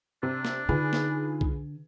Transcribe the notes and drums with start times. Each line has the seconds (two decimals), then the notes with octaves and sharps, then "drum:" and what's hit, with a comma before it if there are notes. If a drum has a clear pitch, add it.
0.23 C3 D4
0.45 drum: snare
0.69 D3 D#4 F4 G#4 B4
0.93 drum: snare
1.41 drum: kick